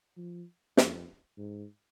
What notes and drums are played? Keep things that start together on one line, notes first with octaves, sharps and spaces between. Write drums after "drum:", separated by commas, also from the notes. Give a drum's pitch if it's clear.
F3
F2, drum: snare
G#2